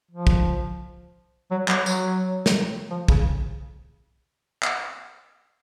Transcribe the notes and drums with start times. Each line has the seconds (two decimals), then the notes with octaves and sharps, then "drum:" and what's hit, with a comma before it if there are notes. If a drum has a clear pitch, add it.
0.11 F3
0.27 drum: kick
1.51 F#3
1.68 F#3, drum: clap
1.86 F#3, drum: tambourine
2.46 drum: snare
2.91 F3
3.08 C#3, drum: kick
4.63 drum: clap